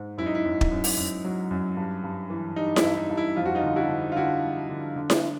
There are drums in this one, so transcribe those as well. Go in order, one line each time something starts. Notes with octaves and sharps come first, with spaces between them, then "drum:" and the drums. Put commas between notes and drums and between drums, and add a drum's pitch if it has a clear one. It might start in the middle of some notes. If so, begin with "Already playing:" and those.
Already playing: G#2
F#2 E4
D#4
E4
F#2
drum: kick
F#2
drum: open hi-hat
F#2
F#3
F#2
G2
G2
E3
G3 D#4
E4, drum: snare E4
G2
D#4
G2
E4
F2 F4
F#4
D#4 F4
D3
E4 F#4
D3
F4
D3 E4 F#4
G3
D3
D3
drum: snare E4